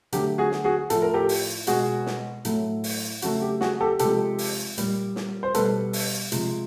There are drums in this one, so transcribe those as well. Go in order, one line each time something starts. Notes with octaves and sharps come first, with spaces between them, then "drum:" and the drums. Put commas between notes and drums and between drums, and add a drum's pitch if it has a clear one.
D3 F#3 A3 G4, drum: hi-hat
F#4 G#4
drum: snare
F#4 G#4
A2 F3 A3 A4, drum: hi-hat
A#4
G4 A4
drum: open hi-hat
B2 G#3 F#4 G#4, drum: hi-hat
drum: snare
A2 F#3 A3, drum: hi-hat
drum: open hi-hat
C#3 F#3 A3 F#4, drum: hi-hat
G4
F#4 G#4, drum: snare
G4 A4
C3 F3 G#3 G4 A4, drum: hi-hat
drum: open hi-hat
A#2 G3, drum: hi-hat
drum: snare
C5
B2 G3 A4 B4, drum: hi-hat
drum: open hi-hat
C3 F3 G#3, drum: hi-hat